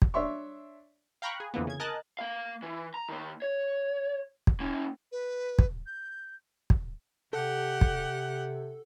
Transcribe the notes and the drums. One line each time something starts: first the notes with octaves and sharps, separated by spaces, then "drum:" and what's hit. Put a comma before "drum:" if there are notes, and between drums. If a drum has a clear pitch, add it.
drum: kick
D4 C#5 E5 C6 C#6
F5 G5 A#5 B5 C#6 F#6
G#4
F2 D3 E3 A#3 B3
C#3 G#6
A#4 D#5 G#5 A5 F#6 A6
A#3 F5
E3
A#5
D#3 A#3
C#5
drum: kick
A#3 C#4
B4
drum: kick
G6
drum: kick
C3 G4 A4 F#5
drum: kick